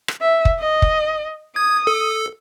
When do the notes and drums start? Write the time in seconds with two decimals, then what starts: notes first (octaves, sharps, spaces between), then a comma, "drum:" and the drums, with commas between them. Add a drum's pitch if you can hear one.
0.08 drum: rim click
0.21 E5
0.45 drum: kick
0.60 D#5
0.82 drum: kick
1.56 D#6 G#6
1.87 A4